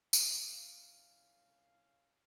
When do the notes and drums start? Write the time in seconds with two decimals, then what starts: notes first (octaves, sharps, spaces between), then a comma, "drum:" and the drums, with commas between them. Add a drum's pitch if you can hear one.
0.13 C2 C#4 F5, drum: tambourine